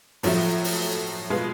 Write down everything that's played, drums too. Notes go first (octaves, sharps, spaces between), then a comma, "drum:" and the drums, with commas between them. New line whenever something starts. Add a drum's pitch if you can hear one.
A2 F3 F#3 A3, drum: open hi-hat
drum: open hi-hat
B2 G#3 B3 F4